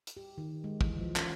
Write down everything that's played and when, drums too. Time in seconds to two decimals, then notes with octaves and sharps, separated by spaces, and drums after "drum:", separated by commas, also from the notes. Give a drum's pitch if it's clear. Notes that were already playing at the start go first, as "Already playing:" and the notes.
0.07 drum: hi-hat
0.17 G4
0.38 D#3
0.64 G#3
0.81 E3, drum: kick
0.99 F3
1.16 C#4, drum: clap